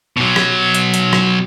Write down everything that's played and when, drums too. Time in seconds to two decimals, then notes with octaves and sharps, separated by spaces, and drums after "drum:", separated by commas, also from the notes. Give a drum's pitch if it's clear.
0.17 B2 F#3
0.36 drum: rim click
0.74 drum: hi-hat
0.94 drum: hi-hat
1.13 drum: rim click